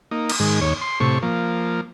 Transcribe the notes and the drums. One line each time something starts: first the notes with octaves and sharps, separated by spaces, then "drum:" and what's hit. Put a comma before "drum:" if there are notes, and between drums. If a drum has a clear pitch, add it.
A#3 D#4
drum: cymbal
G#2 D#3 G#3
D#2 C#5
C6
A2 C3 C#6
F3 A#3